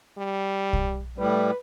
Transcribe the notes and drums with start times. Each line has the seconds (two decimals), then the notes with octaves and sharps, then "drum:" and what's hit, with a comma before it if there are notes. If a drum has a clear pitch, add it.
0.18 G3
0.73 drum: kick
1.18 A2 G3 B4